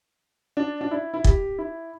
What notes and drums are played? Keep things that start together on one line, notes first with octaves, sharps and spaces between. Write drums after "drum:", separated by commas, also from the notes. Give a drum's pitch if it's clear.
D4
D4
E4
E4
G4, drum: kick
E4